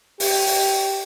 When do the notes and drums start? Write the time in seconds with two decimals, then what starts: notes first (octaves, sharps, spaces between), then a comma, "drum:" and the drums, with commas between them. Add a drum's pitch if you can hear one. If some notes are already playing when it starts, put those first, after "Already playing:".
0.20 G4, drum: open hi-hat
0.46 drum: open hi-hat